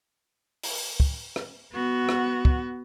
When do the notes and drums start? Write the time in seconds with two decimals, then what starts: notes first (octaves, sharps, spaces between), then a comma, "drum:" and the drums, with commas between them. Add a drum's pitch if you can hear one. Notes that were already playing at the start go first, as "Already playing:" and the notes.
0.63 drum: open hi-hat
1.00 drum: kick
1.36 drum: rim click
1.72 B3 F#4
2.09 drum: rim click
2.45 drum: kick